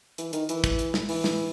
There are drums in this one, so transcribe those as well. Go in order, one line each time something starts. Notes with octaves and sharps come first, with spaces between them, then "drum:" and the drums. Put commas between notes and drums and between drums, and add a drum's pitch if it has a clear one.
E3, drum: hi-hat
D#3, drum: hi-hat
E3, drum: hi-hat
drum: kick, hi-hat
drum: hi-hat
drum: snare
E3, drum: open hi-hat
drum: snare